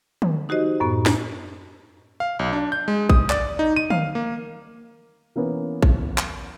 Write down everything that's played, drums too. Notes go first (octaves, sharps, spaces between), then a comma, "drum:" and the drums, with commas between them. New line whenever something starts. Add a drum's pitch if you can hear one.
drum: tom
D#4 F#4 G4 C5 D#5
F#2 A2 B3
drum: snare
F5
B1
D4
G6
G#3
D#6, drum: kick
D5, drum: clap
D#4
D#7
F5, drum: tom
A#3
E3 A#3 B3 C#4
drum: kick
drum: clap